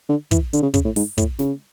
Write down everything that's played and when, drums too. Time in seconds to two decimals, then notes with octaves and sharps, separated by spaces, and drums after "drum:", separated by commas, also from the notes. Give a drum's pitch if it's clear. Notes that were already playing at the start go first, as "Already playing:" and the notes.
0.09 D3
0.31 E3, drum: kick, hi-hat
0.53 D3, drum: hi-hat
0.63 C#3
0.74 C#3, drum: kick, hi-hat
0.85 A2
0.96 G#2, drum: open hi-hat
1.18 A2, drum: kick, hi-hat
1.39 C#3, drum: snare